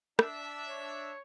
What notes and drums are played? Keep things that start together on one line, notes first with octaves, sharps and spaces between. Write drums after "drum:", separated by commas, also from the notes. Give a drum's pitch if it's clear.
D4 E5, drum: rim click
C#5